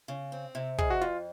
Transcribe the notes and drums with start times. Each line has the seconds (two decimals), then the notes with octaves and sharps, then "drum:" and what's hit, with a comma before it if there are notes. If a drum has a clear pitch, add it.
0.08 C#3
0.32 C4
0.55 C3
0.78 F2 G#4, drum: kick
0.90 F#4
1.01 F2 F4